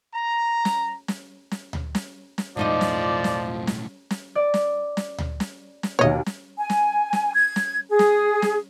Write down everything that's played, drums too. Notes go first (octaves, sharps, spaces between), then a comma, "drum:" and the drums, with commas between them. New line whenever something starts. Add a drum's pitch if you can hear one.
A#5
drum: snare
drum: snare
drum: snare
drum: tom D2
drum: snare
drum: snare
B1 F2 A2 F3 D#4 D5 D#5
drum: snare
drum: snare
drum: snare
drum: snare
D5
drum: snare
drum: snare
drum: tom D2
drum: snare
drum: snare
D#2 B2 C#5 D#5
drum: snare
G#5
drum: snare
drum: snare
G#6
drum: snare
G#4
drum: snare
drum: snare